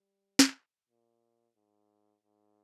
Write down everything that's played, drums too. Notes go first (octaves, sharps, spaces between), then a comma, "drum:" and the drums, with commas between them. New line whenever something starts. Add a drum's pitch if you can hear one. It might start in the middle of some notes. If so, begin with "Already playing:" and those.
Already playing: G3
drum: snare
A#2
G#2
G#2